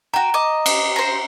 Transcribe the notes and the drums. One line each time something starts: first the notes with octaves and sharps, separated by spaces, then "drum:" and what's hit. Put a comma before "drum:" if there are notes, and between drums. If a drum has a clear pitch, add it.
F#4 G5 A#5
D#5 D6
drum: cymbal
C5 A#5